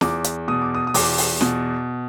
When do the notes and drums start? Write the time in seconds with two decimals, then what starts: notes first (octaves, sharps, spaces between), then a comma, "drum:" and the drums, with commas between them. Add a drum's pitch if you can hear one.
0.01 E2 D6, drum: snare
0.24 drum: hi-hat
0.48 B2 D#6
0.62 D6
0.75 D#6
0.87 D#6
0.94 E2 D6, drum: open hi-hat
1.18 drum: open hi-hat
1.41 B2, drum: snare